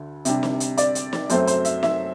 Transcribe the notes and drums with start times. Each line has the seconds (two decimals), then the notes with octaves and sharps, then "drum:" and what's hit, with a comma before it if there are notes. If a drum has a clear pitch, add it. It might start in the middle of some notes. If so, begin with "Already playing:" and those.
Already playing: D2 D3
0.25 C3 G3 D4, drum: hi-hat
0.43 drum: snare
0.60 drum: hi-hat
0.78 D5, drum: hi-hat
0.95 drum: hi-hat
1.13 drum: snare
1.29 F#2 F#3 A3 C4 C5, drum: hi-hat
1.47 C5, drum: hi-hat
1.65 E5, drum: hi-hat
1.83 E5, drum: snare